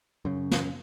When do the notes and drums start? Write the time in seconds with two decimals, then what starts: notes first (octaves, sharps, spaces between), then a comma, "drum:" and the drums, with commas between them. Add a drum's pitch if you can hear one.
0.25 F#2 C#3
0.51 drum: snare